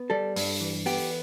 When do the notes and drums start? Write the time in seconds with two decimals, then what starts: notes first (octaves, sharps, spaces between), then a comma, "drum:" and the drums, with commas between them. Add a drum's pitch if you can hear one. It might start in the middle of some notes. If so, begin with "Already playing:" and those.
Already playing: B3
0.10 G3 A4
0.36 G2, drum: open hi-hat
0.60 E3
0.86 B3 G4, drum: open hi-hat